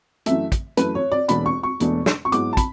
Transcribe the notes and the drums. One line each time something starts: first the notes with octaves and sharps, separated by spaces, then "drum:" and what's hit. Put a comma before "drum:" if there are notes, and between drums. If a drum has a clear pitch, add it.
F#2 E3 A3 E5, drum: hi-hat
drum: kick, hi-hat
F#2 E3 A3 B4, drum: hi-hat
C#5
D5
E1 E2 B2 A3 D4 B5, drum: hi-hat
C#6
C#6
E1 E2 B2 A3 D4, drum: hi-hat
drum: snare
C#6
G#2 F#3 B3 E4 D6, drum: hi-hat
A5
B5, drum: kick, hi-hat